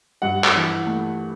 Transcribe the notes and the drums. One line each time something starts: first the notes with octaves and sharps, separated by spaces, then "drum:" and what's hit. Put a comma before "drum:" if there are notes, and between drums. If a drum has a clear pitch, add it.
G2 F#5
drum: clap
E3
A3